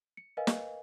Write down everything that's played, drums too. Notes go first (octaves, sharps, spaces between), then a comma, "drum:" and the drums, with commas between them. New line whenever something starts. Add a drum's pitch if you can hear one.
C#7
A#4 B4 D#5 F5 G#5
drum: snare